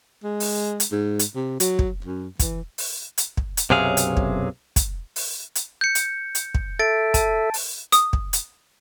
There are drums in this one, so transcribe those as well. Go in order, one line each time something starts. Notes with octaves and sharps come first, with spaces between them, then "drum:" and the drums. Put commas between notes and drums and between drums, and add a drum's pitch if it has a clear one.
G#3
drum: open hi-hat
drum: hi-hat
G#2
drum: hi-hat
C3
F#3, drum: hi-hat
drum: kick
F#2
E3, drum: kick, hi-hat
drum: open hi-hat
drum: hi-hat
drum: kick
drum: hi-hat
B1 F#2 C3 F#3 G#4 F5
drum: hi-hat
drum: kick
drum: kick, hi-hat
drum: open hi-hat
drum: hi-hat
G6 C#7
drum: hi-hat
drum: hi-hat
drum: kick
A4 E5 A6 D7
A5, drum: kick, hi-hat
drum: open hi-hat
D#6, drum: hi-hat
drum: kick
drum: hi-hat